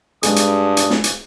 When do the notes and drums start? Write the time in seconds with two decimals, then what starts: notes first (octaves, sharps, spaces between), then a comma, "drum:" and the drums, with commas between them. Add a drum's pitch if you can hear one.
0.23 G2 G#3 D#6, drum: hi-hat
0.36 drum: hi-hat
0.77 drum: hi-hat
0.90 drum: snare
1.04 drum: hi-hat